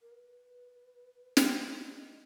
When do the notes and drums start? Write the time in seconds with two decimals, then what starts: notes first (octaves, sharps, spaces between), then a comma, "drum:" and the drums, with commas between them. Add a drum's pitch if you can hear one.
0.02 A#4
0.12 B4
1.37 drum: snare
1.60 C5
1.79 D5
1.98 D#5